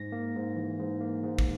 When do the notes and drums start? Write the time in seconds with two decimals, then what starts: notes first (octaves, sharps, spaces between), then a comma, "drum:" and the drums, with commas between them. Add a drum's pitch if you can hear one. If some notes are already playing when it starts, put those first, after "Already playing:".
Already playing: G#2 A#6
0.12 A#3
0.35 G#2
0.56 E3
0.79 G#2
1.01 A#3
1.24 G#2
1.39 drum: kick